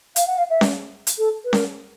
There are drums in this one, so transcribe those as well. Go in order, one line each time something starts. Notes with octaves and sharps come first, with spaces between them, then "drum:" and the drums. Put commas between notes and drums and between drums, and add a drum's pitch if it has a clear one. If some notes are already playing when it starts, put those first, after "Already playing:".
F5, drum: hi-hat
F#5
F5
E5
drum: snare C#4
drum: hi-hat
A4
B4
A#4, drum: snare C#4